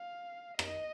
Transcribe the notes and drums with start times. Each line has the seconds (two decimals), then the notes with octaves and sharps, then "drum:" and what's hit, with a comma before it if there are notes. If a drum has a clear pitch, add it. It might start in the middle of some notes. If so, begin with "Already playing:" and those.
Already playing: F5
0.59 D#5, drum: rim click